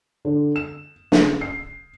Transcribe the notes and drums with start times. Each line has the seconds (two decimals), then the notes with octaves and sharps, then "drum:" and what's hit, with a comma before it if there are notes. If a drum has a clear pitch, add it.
0.25 D3
0.56 E7
1.12 C#3, drum: snare
1.41 C7